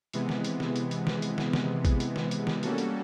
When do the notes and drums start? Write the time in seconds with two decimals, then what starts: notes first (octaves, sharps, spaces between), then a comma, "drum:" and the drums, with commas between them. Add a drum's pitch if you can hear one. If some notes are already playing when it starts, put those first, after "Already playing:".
0.13 C3 E3 G#3 B3, drum: hi-hat
0.29 drum: snare
0.44 drum: hi-hat
0.60 drum: snare
0.76 drum: hi-hat
0.91 drum: hi-hat
1.07 drum: snare
1.22 drum: hi-hat
1.38 drum: snare
1.53 drum: snare
1.85 drum: kick, hi-hat
2.00 drum: hi-hat
2.16 drum: snare
2.31 drum: hi-hat
2.47 drum: snare
2.63 G3 A#3 C#4 F#4 A4, drum: hi-hat
2.78 drum: hi-hat